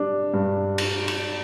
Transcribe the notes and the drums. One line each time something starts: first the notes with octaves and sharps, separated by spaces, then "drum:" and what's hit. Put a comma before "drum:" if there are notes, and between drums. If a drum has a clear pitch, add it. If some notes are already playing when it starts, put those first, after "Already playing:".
Already playing: G3 D4
G2
drum: cymbal
drum: cymbal